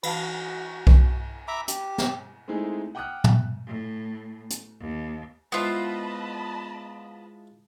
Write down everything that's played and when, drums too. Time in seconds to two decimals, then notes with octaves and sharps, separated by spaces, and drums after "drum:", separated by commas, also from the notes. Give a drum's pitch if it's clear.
0.03 E3 F#4 F5 A5, drum: cymbal
0.87 drum: kick B1
1.48 E5 A#5 B5 D6
1.68 G4, drum: hi-hat
1.98 drum: snare
2.48 G#3 A3 C4 D#4 E4 G#4
2.95 F#5 G5 D6 D#6 F6 F#6
3.24 drum: tom
3.67 A2
4.50 drum: hi-hat
4.80 D#2
5.52 F3 G#3 B3 E4 F4 D#5 A5 B5